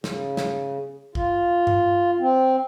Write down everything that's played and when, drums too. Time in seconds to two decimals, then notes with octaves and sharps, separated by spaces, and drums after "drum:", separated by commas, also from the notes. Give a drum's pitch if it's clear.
0.04 C#3, drum: snare
0.37 drum: snare
1.15 F4, drum: kick
1.67 drum: tom G2
2.19 C4